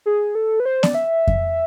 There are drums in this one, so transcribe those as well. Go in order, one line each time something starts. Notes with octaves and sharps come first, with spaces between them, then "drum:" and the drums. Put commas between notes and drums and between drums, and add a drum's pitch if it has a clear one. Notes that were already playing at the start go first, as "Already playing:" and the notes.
G#4
A4
B4
C5
D5, drum: snare B3
E5
drum: kick F2